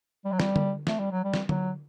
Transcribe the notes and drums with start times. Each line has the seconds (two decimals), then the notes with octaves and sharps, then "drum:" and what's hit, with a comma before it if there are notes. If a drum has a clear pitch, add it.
0.25 G3
0.32 F#3
0.40 G3, drum: snare
0.56 drum: tom D3
0.87 A3, drum: snare
0.99 G3
1.12 F#3
1.24 G3
1.34 drum: snare
1.49 F#3, drum: tom D3